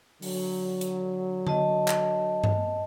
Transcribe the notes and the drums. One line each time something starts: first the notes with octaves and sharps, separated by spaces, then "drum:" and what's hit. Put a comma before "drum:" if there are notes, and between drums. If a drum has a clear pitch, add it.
D3 F#3, drum: open hi-hat
drum: hi-hat
D#5 A5, drum: tom D3
drum: clap
drum: tom G2